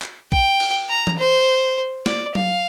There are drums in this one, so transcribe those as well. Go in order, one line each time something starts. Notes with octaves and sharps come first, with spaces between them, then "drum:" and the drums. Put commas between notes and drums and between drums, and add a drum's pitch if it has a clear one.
drum: clap
G5, drum: kick
drum: cymbal
A#5
drum: tom E3
C5
D5, drum: snare
F5, drum: tom F#3